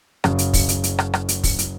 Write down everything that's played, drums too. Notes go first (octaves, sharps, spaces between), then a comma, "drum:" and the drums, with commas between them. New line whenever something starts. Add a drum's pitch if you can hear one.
F#1 F#2 C#3, drum: rim click
drum: hi-hat
drum: kick, open hi-hat
drum: hi-hat
drum: hi-hat
drum: rim click
drum: rim click
drum: hi-hat
drum: kick, open hi-hat
drum: hi-hat